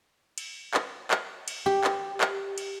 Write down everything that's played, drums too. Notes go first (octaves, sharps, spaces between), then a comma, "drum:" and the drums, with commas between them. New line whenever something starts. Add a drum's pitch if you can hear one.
drum: cymbal
drum: clap
drum: clap
drum: cymbal
G4
drum: clap
drum: clap
drum: cymbal